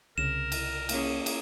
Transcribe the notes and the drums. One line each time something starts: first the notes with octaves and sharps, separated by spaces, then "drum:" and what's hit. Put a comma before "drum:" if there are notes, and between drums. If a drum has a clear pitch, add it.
C2 C#3 A#4 E7
drum: cymbal
A#3 C#4 G#4, drum: cymbal
drum: cymbal